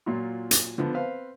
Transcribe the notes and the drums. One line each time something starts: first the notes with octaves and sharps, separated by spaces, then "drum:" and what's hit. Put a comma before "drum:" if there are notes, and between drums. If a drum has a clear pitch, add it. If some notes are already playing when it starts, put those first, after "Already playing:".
A#2 F#3 F4
drum: hi-hat
D3 F3 B3
C4 B4 C5 F5